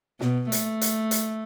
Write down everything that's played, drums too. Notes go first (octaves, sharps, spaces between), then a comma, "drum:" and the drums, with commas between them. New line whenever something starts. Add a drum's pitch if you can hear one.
B2, drum: snare
A3, drum: hi-hat
drum: hi-hat
drum: hi-hat